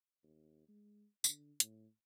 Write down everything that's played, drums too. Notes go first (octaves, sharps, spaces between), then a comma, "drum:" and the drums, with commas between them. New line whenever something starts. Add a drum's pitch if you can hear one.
D#2
G#3
D3, drum: tambourine
A2, drum: hi-hat